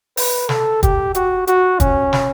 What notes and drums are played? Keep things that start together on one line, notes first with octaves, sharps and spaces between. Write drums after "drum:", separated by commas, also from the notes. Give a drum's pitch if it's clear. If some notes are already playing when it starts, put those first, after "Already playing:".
B4, drum: open hi-hat
A4, drum: snare
G4, drum: kick, hi-hat
F#4, drum: hi-hat
F#4, drum: hi-hat
C#4, drum: kick, hi-hat
drum: snare